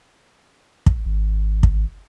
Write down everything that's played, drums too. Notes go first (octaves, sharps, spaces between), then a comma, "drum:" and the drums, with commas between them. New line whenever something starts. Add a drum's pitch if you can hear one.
drum: kick
G#1
drum: kick